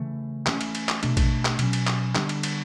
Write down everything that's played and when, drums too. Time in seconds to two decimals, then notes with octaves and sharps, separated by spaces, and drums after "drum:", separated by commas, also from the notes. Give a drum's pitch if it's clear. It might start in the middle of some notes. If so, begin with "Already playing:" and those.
Already playing: C#3 E3 A3
0.46 E3 A3 C#4, drum: clap
0.61 drum: cymbal
0.75 drum: cymbal
0.89 drum: clap
1.03 B2 A3 D4, drum: cymbal
1.17 drum: kick A1, cymbal
1.45 drum: clap
1.59 B2 F#3 C#4, drum: cymbal
1.73 drum: cymbal
1.87 drum: clap
2.15 D3 G3 B3 D4, drum: clap
2.29 drum: cymbal
2.43 drum: cymbal